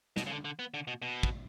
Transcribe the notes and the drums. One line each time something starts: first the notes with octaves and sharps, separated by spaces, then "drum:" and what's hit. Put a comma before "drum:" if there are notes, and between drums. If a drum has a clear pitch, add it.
B2, drum: snare
C#3
D3
D3
B3
D3
B2
B2
drum: kick